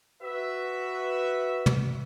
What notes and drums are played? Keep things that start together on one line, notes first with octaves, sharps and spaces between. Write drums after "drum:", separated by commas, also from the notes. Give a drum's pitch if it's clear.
F#4 B4 E5
drum: tom